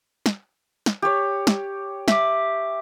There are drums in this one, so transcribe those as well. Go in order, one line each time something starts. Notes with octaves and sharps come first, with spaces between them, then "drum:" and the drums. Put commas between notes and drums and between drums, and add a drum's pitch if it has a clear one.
drum: snare
drum: snare
G4 C#5
drum: snare
E5 D6, drum: snare